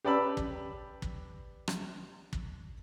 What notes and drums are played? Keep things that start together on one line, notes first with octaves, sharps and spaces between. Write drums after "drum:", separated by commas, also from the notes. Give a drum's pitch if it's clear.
G4 B4 D5 A5 B5 E6
drum: kick
drum: kick
drum: rim click
drum: kick